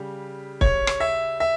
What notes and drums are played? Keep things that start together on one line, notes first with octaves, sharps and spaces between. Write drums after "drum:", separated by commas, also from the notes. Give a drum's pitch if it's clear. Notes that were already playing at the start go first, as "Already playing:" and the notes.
Already playing: C#3 G3
C#5, drum: kick C#1
drum: rim click
E5
E5